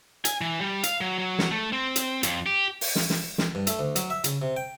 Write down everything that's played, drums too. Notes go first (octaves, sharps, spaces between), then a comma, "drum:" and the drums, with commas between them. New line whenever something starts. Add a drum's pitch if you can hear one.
G#5, drum: hi-hat
E3
G3
F5, drum: hi-hat
F#3
F#3
drum: snare
A3
C4
drum: hi-hat
F2, drum: hi-hat
G4
drum: open hi-hat
drum: snare
drum: snare
drum: snare
G2
A3, drum: hi-hat
D2
F#3, drum: hi-hat
E5
C#3, drum: hi-hat
C3
G5